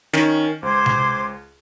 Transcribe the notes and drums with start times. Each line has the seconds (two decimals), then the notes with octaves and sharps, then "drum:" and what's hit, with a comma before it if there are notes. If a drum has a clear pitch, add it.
0.13 D#3 C#4, drum: snare
0.63 C#2 C5 D6 G#6
0.86 drum: tom C3